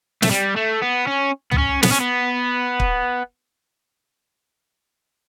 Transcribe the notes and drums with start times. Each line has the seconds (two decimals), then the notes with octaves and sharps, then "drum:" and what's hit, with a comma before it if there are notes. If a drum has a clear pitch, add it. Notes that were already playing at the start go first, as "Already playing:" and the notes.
0.22 A3, drum: snare
0.31 G3
0.56 A3
0.82 B3
1.07 C#4
1.51 B3, drum: tom
1.58 C#4
1.83 B3, drum: snare
1.92 C#4
2.01 B3
2.80 drum: kick